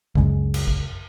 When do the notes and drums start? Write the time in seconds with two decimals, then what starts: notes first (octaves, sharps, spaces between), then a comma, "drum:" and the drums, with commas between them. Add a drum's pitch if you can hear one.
0.15 C#2 F#2 C#3 G#3, drum: kick A1
0.54 drum: cymbal
0.68 drum: kick A1